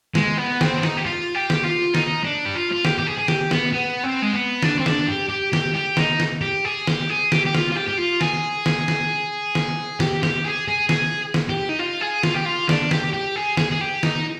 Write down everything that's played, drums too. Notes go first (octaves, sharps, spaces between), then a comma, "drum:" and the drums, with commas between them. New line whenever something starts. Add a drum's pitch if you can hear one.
G#3, drum: snare
B3
C4, drum: snare
D4
D#4, drum: snare
G4
F4
G4
drum: snare
F4
D#4, drum: snare
D4
G4
F4
F4
G4, drum: snare
G4
G#4
G#4
G4, drum: snare
B3, drum: snare
B3
C4
G#3
B3
D4, drum: snare
C4
D4, drum: snare
G4
G4
G4, drum: snare
G4
D#4, drum: snare
drum: snare
G4
G#4
G4, drum: snare
G#4
G4, drum: snare
G4
F4, drum: snare
F4
G4
G4
F4
G#4, drum: snare
drum: snare
drum: snare
drum: snare
G4, drum: snare
G4, drum: snare
G#4
G#4
G#4, drum: snare
drum: snare
G4
D#4
F4
G#4
F4, drum: snare
G4
F4
D4, drum: snare
G4, drum: snare
G4
G#4
G#4, drum: snare
G#4
G4
D#4, drum: snare